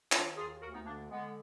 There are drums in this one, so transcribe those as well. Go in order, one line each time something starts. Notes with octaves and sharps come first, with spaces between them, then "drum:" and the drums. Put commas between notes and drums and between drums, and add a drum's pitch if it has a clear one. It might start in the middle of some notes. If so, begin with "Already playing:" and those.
D#3 D4 F4, drum: clap
D#2 F4 G#4
D2 F#4 A#4
B3 D#4
D3 A#3 D4
D3 G#3 B3